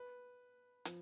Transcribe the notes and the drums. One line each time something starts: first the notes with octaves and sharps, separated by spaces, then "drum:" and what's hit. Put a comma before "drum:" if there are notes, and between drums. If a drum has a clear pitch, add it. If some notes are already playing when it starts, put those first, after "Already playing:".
Already playing: B4
F3, drum: hi-hat